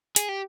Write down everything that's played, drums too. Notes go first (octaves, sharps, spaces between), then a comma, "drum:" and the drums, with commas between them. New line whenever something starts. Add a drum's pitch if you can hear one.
G#4, drum: hi-hat
G4